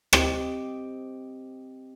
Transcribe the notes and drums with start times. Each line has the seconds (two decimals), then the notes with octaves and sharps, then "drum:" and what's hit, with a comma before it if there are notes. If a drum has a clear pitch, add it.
0.13 C4 G4 D#5, drum: rim click